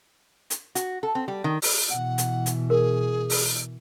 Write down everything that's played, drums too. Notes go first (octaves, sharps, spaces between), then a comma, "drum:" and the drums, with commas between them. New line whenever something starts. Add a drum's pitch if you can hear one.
drum: hi-hat
F#4, drum: hi-hat
A4
C4
G3
D#3
drum: open hi-hat
B2 E3 F#5
drum: hi-hat
drum: hi-hat
G#4 A#4
drum: open hi-hat